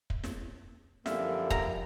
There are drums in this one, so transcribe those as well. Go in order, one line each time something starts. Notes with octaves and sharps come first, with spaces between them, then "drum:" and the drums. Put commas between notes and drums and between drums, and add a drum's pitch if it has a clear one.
drum: kick
drum: snare
F#2 D3 F3 G3 A#3 E5 F5, drum: snare
A#5, drum: kick